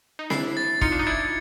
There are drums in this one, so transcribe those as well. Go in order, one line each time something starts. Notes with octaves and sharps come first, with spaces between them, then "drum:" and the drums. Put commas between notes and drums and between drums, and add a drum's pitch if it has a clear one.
D#4
D4 E4 C7, drum: snare C4
A6
D#4 F4 C#7, drum: kick
D4
D#4
D4 E4 G#6